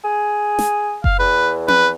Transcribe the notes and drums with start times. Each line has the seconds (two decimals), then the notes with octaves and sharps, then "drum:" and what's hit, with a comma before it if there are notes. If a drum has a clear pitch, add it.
0.04 G#4
0.59 drum: snare
1.04 F5, drum: kick F#1
1.19 E2 B4
1.68 B4, drum: tom C4